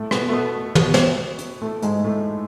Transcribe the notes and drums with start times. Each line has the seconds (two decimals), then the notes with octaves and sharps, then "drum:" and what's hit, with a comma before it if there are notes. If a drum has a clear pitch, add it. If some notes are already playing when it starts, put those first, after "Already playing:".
Already playing: A2 A3
0.11 B2 B3, drum: rim click
0.29 A3
0.32 B2 B3
0.75 B2 B3, drum: tom
0.94 drum: snare
1.39 drum: hi-hat
1.61 A2 A3
1.82 G#2 G#3, drum: hi-hat
2.04 A2 A3